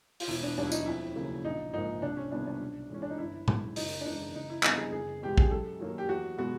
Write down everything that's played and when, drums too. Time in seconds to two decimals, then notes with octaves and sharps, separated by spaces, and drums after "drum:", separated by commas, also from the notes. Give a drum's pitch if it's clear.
0.20 F4, drum: open hi-hat
0.28 E1 E4
0.43 D4
0.57 D#2 D#3 F#3 D4
0.67 E4
0.72 D#4, drum: tambourine
0.86 F2 E4
1.15 C#3 F#3 A#3
1.45 A#1 D#4
1.74 G#2 F3 A#3 D#4
2.02 C2 D4
2.17 C#4
2.32 C3 D#3 G3 B3 D4
2.47 D4
2.60 B1
2.89 A2 E3 G#3 C#4
3.02 D4
3.10 D#4
3.18 G1 E4
3.48 F#2 D#3 G#3, drum: tom A#2
3.76 F#1 D#4, drum: open hi-hat
4.01 D4
4.06 E2 C#3 E3 G#3 D#4
4.35 F#1 D#4
4.50 E4
4.63 F2 D3 G3 B3 D#4, drum: clap
4.78 G#4
4.92 F#1 G#4
5.22 E2 B2 G#3 G4
5.38 G#4, drum: kick
5.50 F#2 A4
5.80 D#3 F#3 A#3
5.98 G4
6.08 E2 F#4
6.38 B2 G#3 B3 F#4